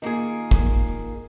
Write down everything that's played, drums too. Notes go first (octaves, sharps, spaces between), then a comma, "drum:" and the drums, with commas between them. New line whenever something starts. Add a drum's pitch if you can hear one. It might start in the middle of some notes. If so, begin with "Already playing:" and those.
D#3 A#3 F4 G#4
drum: kick